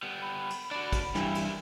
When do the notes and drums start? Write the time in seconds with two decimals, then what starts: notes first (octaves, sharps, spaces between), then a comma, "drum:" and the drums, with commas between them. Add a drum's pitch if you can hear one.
0.03 G3 B3
0.22 B5
0.50 drum: cymbal
0.71 D4 F#4 D5
0.93 drum: kick, cymbal
1.15 G2 E3 G3 E4, drum: snare
1.35 drum: cymbal